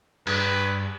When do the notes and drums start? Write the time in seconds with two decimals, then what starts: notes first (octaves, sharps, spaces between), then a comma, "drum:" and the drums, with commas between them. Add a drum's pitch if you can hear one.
0.27 G2 B4, drum: cymbal